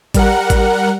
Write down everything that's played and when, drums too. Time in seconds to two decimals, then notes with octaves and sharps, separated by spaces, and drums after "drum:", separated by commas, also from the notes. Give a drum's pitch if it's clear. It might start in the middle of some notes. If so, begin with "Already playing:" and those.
0.14 G3 A#4 F#5, drum: kick A1, hi-hat
0.50 drum: kick A1, hi-hat